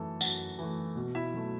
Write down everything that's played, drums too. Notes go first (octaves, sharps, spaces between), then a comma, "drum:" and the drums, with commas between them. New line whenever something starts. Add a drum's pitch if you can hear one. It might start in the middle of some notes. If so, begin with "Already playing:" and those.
Already playing: F#2 E3 A3 A4
F#2 F#4, drum: tambourine
E3 A3
B2
E4 E5
F#3 A3